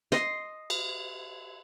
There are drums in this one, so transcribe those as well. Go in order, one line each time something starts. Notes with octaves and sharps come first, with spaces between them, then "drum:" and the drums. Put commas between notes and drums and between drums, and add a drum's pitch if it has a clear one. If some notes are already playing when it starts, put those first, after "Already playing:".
D#5 C6, drum: snare
drum: cymbal